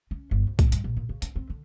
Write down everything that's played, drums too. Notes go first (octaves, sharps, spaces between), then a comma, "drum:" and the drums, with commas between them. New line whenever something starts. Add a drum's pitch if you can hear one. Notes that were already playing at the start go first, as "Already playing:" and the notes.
C#4
G1
C2
A2, drum: kick C2, hi-hat
G2, drum: hi-hat
A#1
A#2
C#3
C#4, drum: hi-hat
C4
D3